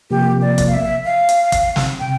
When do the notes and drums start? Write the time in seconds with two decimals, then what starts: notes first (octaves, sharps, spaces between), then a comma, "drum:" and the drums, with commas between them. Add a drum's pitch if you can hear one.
0.10 C3 F3 A#3 G4
0.42 D5
0.58 drum: kick, hi-hat
0.67 F5
0.74 E5
1.05 F5
1.29 drum: hi-hat
1.52 drum: kick, hi-hat
1.76 drum: snare
2.00 C3 G5